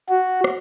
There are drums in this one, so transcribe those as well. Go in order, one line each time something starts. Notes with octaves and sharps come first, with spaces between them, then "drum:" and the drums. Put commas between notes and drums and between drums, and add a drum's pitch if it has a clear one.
F#4
drum: rim click